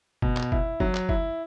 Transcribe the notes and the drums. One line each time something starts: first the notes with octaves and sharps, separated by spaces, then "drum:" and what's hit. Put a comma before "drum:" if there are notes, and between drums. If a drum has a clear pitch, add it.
B2, drum: kick F#1
drum: clap
E4, drum: kick F#1
F#3, drum: kick F#1
drum: clap
E4, drum: kick F#1